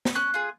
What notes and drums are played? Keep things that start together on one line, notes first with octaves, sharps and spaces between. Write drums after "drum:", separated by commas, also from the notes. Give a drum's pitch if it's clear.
drum: snare
C#4 F#6
F4 G#4